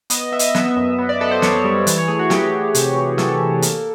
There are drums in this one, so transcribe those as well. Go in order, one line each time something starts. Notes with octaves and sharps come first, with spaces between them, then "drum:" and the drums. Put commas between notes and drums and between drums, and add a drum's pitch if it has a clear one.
B3 D#5, drum: hi-hat
B3 E5
D#5, drum: hi-hat
E5
B3, drum: snare
F#2
B3
D5
B3 A4
C5
B3 C#5, drum: snare
G3
E3, drum: hi-hat
C#5
A3 G#4
F#4
E3 G4, drum: snare
E3
C3, drum: hi-hat
E3
E3 A4, drum: snare
E3
A#3, drum: hi-hat